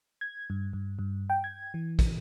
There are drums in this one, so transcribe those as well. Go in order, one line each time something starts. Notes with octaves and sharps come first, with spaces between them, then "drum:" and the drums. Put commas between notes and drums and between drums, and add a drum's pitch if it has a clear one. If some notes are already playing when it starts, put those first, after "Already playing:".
G#6
G2
G2
G2
G5
G#6
E3
drum: kick, hi-hat